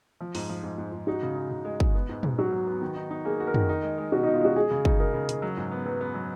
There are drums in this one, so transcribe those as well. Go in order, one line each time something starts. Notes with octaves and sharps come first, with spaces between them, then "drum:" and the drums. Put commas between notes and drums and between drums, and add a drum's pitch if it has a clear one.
F3
G#2, drum: open hi-hat
F3
G#2
G#2
G#2
D#4 F#4
C#3
D#4
C#3
G#3
G#3, drum: kick
B3
G#2
G#2, drum: tom
F#3 F#4
F#3
B3
D#3
D#4
D#4
A#3 G#4
F#4
A#4
D#3, drum: tom
D#4
G#3
G#3
B2 F#4
D#4
B2
F4
G#3 F#4
G#3 G#4
C#3
D#4, drum: kick
D#4 A#4
C#3
C#3, drum: hi-hat
F#3
G#2
B3
F#3 B4
B3
F#3